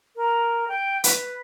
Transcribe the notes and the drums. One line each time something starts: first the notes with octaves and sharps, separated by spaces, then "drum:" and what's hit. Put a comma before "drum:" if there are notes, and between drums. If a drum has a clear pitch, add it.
A#4
G5
B4, drum: hi-hat